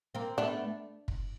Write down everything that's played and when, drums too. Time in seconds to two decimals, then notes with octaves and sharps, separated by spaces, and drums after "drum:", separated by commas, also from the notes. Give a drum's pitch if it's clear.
0.15 A#3 C4
0.38 A3 B3 D4
1.08 drum: kick